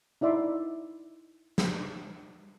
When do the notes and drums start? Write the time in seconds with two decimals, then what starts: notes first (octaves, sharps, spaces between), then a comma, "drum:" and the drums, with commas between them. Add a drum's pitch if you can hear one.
0.21 D#4 E4 D5 E5 C6
1.58 drum: snare